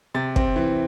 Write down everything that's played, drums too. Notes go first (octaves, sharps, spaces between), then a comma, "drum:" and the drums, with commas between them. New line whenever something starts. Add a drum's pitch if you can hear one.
C3 A6
C4, drum: kick
E3